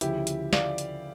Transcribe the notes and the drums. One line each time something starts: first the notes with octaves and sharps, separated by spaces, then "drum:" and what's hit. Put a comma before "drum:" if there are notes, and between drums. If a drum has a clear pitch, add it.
D2 C#3 F3 E4 G4, drum: hi-hat
drum: hi-hat
D5 F5, drum: snare
drum: hi-hat